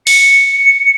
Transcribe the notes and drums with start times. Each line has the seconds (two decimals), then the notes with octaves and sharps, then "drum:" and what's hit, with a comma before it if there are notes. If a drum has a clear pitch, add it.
0.07 C#7, drum: open hi-hat